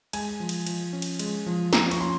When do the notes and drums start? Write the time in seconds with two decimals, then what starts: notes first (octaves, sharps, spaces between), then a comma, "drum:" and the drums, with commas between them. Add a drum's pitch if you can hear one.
0.13 G#3 G#5, drum: cymbal
0.40 F3
0.49 drum: cymbal
0.67 F3, drum: cymbal
0.93 C#4
1.02 drum: cymbal
1.19 G#3, drum: cymbal
1.46 F3
1.73 F3 A#5, drum: snare
1.91 C#6, drum: cymbal
2.00 C#4 C6